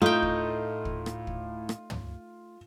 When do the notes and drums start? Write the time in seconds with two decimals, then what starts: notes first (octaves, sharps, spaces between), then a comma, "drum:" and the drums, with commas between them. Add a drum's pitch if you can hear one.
0.02 A2 A3 D#4 F4 G5
0.22 drum: kick
0.85 drum: kick
1.06 drum: rim click
1.27 drum: kick
1.69 drum: rim click
1.90 drum: tom